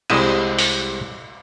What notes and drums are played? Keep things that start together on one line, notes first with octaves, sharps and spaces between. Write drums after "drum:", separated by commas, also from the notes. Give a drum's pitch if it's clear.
C2 G3 G#3 C4 E4 D#5, drum: cymbal
drum: open hi-hat